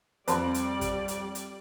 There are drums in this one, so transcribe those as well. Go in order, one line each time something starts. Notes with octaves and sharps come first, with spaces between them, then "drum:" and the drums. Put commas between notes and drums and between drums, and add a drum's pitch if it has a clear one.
F2 G3 C5 D5 A5 C6, drum: hi-hat
drum: hi-hat
drum: kick, hi-hat
drum: hi-hat
drum: hi-hat